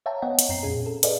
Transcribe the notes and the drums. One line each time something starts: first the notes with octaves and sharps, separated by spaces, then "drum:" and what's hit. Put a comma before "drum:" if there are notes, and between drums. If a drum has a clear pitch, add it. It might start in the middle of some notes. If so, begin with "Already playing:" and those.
C#5 E5 F5 G5 A5 A#5
B3 C#5 D#5 F#5 G5
drum: hi-hat
F#2 C4 A#5 C7
F2 A#2 C#4 G#4
A4
G#4 A4 B4 D5 D#5 F5, drum: hi-hat